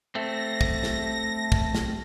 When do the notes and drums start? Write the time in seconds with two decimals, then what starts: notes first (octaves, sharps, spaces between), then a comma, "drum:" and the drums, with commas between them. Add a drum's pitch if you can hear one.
0.15 A3 C4 A#6
0.61 drum: kick
0.83 drum: snare
1.52 drum: kick
1.75 drum: snare